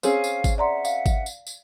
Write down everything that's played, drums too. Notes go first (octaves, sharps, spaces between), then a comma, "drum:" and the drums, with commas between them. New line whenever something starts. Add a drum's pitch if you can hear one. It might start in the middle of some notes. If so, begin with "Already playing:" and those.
C4 C#4 G#4 F5, drum: tambourine
drum: tambourine
drum: kick G#1, tambourine
D5 E5 F#5 A#5 C6
F5, drum: tambourine
drum: kick G#1, tambourine
drum: tambourine
drum: tambourine